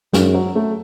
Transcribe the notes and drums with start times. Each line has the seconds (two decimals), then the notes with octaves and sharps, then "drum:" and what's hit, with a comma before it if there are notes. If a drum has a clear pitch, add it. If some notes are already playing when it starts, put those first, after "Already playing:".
0.13 F#2 G#3, drum: snare
0.34 F#3
0.55 A3